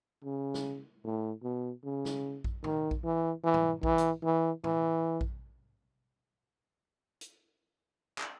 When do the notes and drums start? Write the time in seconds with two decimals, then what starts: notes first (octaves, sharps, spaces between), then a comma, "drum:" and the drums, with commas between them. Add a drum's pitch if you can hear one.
0.24 C#3
0.54 drum: snare
1.04 A2
1.43 B2
1.84 C#3
2.05 drum: snare
2.44 drum: kick A#1
2.64 D#3, drum: tom A2
2.91 drum: kick A#1
3.04 E3
3.44 E3
3.54 drum: tom
3.83 E3, drum: kick A#1
3.98 drum: hi-hat
4.23 E3
4.64 E3, drum: tom A2
5.21 drum: kick A#1
7.21 drum: hi-hat
8.18 drum: clap